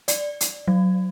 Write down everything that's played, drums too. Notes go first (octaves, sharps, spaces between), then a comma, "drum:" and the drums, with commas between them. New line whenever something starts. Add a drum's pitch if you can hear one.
D5, drum: hi-hat
drum: hi-hat
F#3